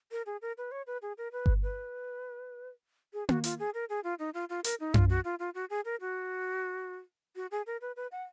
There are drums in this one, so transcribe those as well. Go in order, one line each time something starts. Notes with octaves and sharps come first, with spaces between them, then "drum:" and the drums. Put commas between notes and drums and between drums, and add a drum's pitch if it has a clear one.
A#4
G#4
A#4
B4
C#5
B4
G#4
A#4
B4
drum: kick G1
B4
G#4
F#4, drum: tom A#3
F4, drum: hi-hat
G#4
A#4
G#4
F4
D#4
F4
F4
A#4, drum: hi-hat
D#4
F4, drum: tom F#2
F#4
F4
F4
F#4
G#4
A#4
F#4
F#4
G#4
A#4
B4
B4
F#5